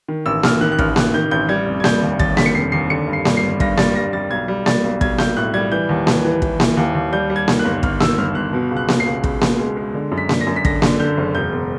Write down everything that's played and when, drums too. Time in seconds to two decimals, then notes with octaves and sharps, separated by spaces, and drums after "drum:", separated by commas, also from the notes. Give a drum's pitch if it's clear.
0.08 D#3
0.26 A1 E6
0.43 A1 F6, drum: snare A#3
0.61 D#3 F#6
0.72 F#6
0.79 A1 F6, drum: kick
0.96 A1 F#6, drum: snare A#3
1.14 D#3 G6
1.31 A1 G6
1.49 G3 G#6
1.67 F1
1.80 G#6
1.84 G3 G6, drum: snare A#3
2.02 D#2
2.19 D#2 A6, drum: kick
2.37 D3 B6, drum: snare A#3
2.46 C#7
2.55 F1 C7
2.72 D#2 C7
2.90 D3 C#7
3.08 G2
3.13 C7
3.25 G3, drum: snare A#3
3.37 C7
3.43 G1
3.60 G2 A#6, drum: kick
3.77 G3 A6, drum: snare A#3
3.95 G2 A#6
4.13 G3 A6
4.31 B1 G#6
4.48 G3
4.66 G3 A6, drum: snare A#3
4.84 B1
5.01 B1 G#6, drum: kick
5.18 B1 G6, drum: snare A#3
5.37 A2 F#6
5.54 G3 G#6
5.72 E3 G6
5.89 D#2
6.07 E3, drum: snare A#3
6.24 E3
6.42 E3, drum: kick
6.60 E3, drum: snare A#3
6.77 D#2
6.95 D#2
7.12 G3 G6
7.30 G3
7.36 G#6
7.48 D#3, drum: snare A#3
7.59 F#6
7.65 G1
7.83 G1 F6, drum: kick
8.00 D#3 E6, drum: snare A#3
8.18 G1 F6
8.35 G1 F#6
8.53 B2
8.71 C#2
8.77 F#6
8.88 B2, drum: snare A#3
9.00 C7
9.06 C#2
9.24 C#2, drum: kick
9.41 B2, drum: snare A#3
9.59 G#3
9.77 G#3
9.94 D3
10.11 F#2
10.18 B6
10.29 D3, drum: snare A#3
10.41 A#6
10.47 F#2
10.56 B6
10.65 D3 A#6, drum: kick
10.82 D3, drum: snare A#3
10.99 D3 G6
11.17 F#1
11.35 E1 G6
11.52 E1